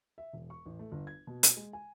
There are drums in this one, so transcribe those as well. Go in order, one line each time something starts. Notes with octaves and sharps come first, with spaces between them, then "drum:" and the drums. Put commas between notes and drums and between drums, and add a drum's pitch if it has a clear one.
E5
E1
C#6
A1
A3
G1
G#6
B2
drum: hi-hat
G#3
G#5